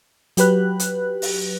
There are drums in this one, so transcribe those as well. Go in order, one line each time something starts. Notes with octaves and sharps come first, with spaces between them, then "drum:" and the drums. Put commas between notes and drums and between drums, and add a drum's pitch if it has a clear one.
F#3 G4 B4 F#6, drum: hi-hat
drum: hi-hat
drum: open hi-hat